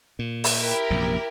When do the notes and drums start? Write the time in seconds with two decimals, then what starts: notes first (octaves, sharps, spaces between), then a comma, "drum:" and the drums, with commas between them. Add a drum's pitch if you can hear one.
0.19 A#2
0.44 drum: open hi-hat
0.59 E4 G4 A#4
0.90 A#1 F#2 C3